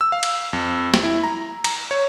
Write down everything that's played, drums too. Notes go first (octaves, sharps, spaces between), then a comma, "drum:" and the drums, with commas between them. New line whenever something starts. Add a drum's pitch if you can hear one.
E6
F5
drum: cymbal
F2
drum: snare
E4
A#5
A#5, drum: cymbal
C#5